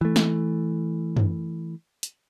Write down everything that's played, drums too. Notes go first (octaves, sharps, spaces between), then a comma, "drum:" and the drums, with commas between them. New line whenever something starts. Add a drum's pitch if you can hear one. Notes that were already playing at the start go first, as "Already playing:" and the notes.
E3 A3
drum: snare
drum: tom F#2
drum: hi-hat